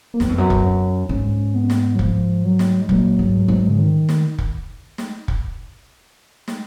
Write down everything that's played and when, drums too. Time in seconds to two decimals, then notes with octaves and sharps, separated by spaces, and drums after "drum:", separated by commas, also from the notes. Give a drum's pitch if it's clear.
0.14 A#3
0.20 F#2 B3, drum: snare
0.29 F2
0.38 F#2
0.50 drum: kick
0.65 C#4
1.09 G#2 C#4
1.55 B3
1.70 drum: snare
1.95 F#3
1.99 F3, drum: kick
2.44 F#3
2.59 drum: snare
2.81 G#3
2.89 A#2 F#3, drum: kick
3.19 G#2
3.48 G#2
3.69 C#3
3.79 D#3
4.09 drum: snare
4.38 drum: kick
4.98 drum: snare
5.28 drum: kick
6.48 drum: snare